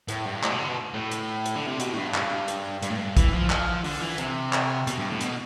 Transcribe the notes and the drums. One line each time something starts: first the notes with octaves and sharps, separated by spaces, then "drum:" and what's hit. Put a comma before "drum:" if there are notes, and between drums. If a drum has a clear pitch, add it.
A2, drum: hi-hat
G2
A2, drum: clap
B2
D3
B2
A2
drum: hi-hat
drum: hi-hat
D3
C3
B2, drum: hi-hat
A2
G2
G2, drum: clap
drum: hi-hat
G2, drum: hi-hat
A2
G2
E3, drum: kick A#1, hi-hat
F3
F3, drum: clap
D3, drum: open hi-hat
E3
C3, drum: hi-hat
drum: clap
B2, drum: hi-hat
G2
A2
B2, drum: hi-hat